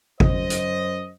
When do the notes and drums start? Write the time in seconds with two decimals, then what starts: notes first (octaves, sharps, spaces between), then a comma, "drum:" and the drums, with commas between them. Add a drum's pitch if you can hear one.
0.20 F#2 C5 D#5, drum: kick G#1
0.50 drum: hi-hat